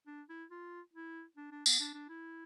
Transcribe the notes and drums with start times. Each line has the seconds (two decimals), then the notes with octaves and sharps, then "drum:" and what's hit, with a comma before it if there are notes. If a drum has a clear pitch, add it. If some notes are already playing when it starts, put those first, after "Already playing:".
0.07 D4
0.29 E4
0.51 F4
0.94 E4
1.37 D4
1.52 D4
1.66 B3, drum: tambourine
1.80 D4
1.94 D4
2.09 E4